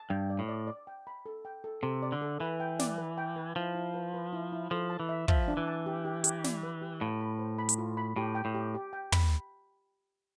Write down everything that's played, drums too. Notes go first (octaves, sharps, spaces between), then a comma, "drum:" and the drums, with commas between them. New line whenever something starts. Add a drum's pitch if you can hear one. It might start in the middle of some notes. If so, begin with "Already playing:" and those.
Already playing: A5
G2 G5
D5
A2
D5
D5
G5
B5
A4
G5
A4
C3 A4
D5
D3
A4
E3 B4
G5
D5, drum: snare
B4
G5
B4
F3 E4
E4
B4
B4
E4
E4
F3 A4
A5
E3
E5
F3 E5, drum: kick
D4
E3
A5
G4
G4
G4, drum: hi-hat
D5, drum: snare
B4
G4
A2 F5
B5
C5
B5
drum: hi-hat
F4
B5
A2 G4
G5
A2
G4
G4
G5
B5, drum: tom